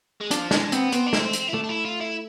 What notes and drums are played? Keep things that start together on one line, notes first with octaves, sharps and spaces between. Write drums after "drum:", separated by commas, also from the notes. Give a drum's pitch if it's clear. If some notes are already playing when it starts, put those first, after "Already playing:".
G#3
F3 D4, drum: hi-hat
G#3 D4, drum: snare
B3 C4, drum: hi-hat
B3 C4, drum: hi-hat
D4
A3, drum: snare
C4
drum: hi-hat
E4
A3 D4
D4
E4
F4
E4